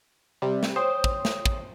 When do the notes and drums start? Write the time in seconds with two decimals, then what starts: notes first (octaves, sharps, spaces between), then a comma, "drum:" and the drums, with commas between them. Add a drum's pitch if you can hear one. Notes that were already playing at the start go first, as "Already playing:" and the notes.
0.42 C3 G3
0.63 drum: snare
0.76 C5 C#5 G5 D#6
1.04 drum: kick
1.25 drum: snare
1.46 drum: kick